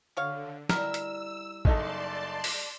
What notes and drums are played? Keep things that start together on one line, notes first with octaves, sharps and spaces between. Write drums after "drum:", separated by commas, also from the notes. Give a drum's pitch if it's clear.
D3 F#4 C#5 F5
B2 G3 E4 A#4 E6, drum: snare
drum: hi-hat
F#1 D#4 A4 D5 A5 C6, drum: kick A1
drum: open hi-hat